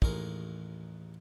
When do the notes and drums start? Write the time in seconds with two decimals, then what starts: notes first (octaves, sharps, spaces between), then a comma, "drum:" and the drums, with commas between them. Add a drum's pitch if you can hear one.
0.02 A1 D#2 G#3 A#4, drum: kick